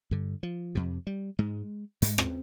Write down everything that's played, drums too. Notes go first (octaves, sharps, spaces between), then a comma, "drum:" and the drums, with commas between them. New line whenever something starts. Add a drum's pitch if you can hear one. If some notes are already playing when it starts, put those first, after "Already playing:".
G2 D3
F3
F2 C3
G3
G#2 G#3
G#2 G#3, drum: hi-hat
C4, drum: rim click